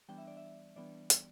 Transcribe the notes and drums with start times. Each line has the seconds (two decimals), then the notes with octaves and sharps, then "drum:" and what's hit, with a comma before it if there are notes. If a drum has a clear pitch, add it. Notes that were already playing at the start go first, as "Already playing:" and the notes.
0.09 E3 G3 B3 D4 G5
0.18 E5
0.27 D5
0.37 E5
0.76 E3 G3 B3 D4 D5
1.10 drum: hi-hat